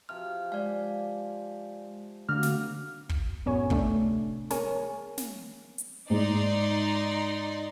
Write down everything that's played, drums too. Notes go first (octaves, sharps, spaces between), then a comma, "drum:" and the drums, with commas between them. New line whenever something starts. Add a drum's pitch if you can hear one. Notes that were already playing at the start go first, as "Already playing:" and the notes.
C3 F3 F6
G#3 D5 F5
D3 A3 D4 F#4 F5 F6
drum: snare
drum: kick
F#2 A2 B3 C#5 G#5
C3 A3 D4, drum: kick
G#4 A#4 C#5 G#5, drum: snare
drum: snare
drum: hi-hat
G#2 G#3 D#4 D5 C6